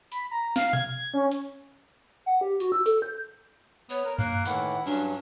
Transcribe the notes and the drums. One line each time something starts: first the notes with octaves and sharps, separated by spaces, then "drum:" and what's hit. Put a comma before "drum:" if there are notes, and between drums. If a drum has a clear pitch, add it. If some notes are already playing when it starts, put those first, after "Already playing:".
B5, drum: hi-hat
A#5
F5, drum: snare
G#6, drum: tom B2
C#4
drum: hi-hat
F#5
G4
F#4, drum: hi-hat
E6
A4, drum: hi-hat
G6
B3 C#5, drum: open hi-hat
A#4
A#3 F#6, drum: tom F#2
A2 D#3 E3 E4 F#5, drum: hi-hat
G2 F#3 C#4 D4